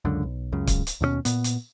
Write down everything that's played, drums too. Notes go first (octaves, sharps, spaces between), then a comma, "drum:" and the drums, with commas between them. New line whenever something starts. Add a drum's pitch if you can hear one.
C#2 F#2 D3
B1
C#2 F#2 C#3
drum: kick C#1, hi-hat
drum: hi-hat
D#2 B2 A3 C#4
A#2 B3, drum: hi-hat
drum: hi-hat